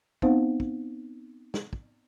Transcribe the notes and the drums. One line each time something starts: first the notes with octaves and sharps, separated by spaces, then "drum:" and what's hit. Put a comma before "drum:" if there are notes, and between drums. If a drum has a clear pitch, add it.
B3 C4 D#4 C5 F5 F#5, drum: kick
drum: kick
drum: snare
drum: kick